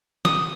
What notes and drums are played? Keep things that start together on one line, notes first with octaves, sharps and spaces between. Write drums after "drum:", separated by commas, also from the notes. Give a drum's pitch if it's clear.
D#6, drum: snare